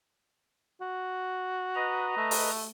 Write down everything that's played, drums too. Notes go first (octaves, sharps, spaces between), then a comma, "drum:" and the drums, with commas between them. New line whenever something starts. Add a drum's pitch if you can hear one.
F#4
B4 D#5 A#5
A3
drum: open hi-hat